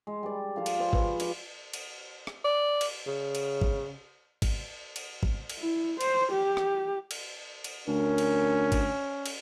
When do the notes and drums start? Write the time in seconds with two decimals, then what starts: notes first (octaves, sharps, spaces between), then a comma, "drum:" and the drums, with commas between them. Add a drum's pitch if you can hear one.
0.07 G#3
0.23 G3 D5
0.56 F3 A4 F5 A5
0.66 drum: cymbal
0.79 G#4 C5 D5
0.93 B4 C#6, drum: kick G#1
1.20 F4 D5 D6, drum: cymbal
1.73 drum: cymbal
2.27 drum: rim click
2.45 D5
2.81 drum: cymbal
3.07 C#3
3.35 drum: cymbal
3.61 drum: kick G#1
4.42 drum: kick G#1, cymbal
4.96 drum: cymbal
5.23 drum: kick G#1
5.50 drum: cymbal
5.59 E4
6.01 C5, drum: cymbal
6.32 G4
6.57 drum: rim click
7.11 drum: cymbal
7.64 drum: cymbal
7.88 D2 C#4 A#4
8.18 drum: cymbal
8.72 drum: kick G#1, cymbal
9.26 drum: cymbal